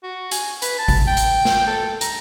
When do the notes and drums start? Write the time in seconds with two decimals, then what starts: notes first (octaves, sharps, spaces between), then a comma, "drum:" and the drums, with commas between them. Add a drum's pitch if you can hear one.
0.03 F#4
0.31 G#5, drum: hi-hat
0.62 B4, drum: hi-hat
0.79 A5
0.88 drum: kick G#1, open hi-hat
1.07 G5
1.17 drum: hi-hat
1.45 drum: snare
1.67 A4
2.01 A#5, drum: hi-hat